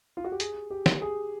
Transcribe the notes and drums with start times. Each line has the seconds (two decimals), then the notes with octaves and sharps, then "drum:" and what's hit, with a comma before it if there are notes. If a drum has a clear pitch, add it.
0.17 F4
0.24 F#4
0.32 G4
0.40 G#4, drum: hi-hat
0.70 G4
0.86 drum: snare
1.02 G#4